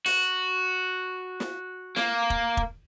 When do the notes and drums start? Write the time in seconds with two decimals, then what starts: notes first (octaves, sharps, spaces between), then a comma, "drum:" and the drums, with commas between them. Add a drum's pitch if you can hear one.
0.06 F#4, drum: open hi-hat
1.40 drum: snare
1.96 A#3, drum: snare
2.30 drum: kick E1
2.57 drum: kick E1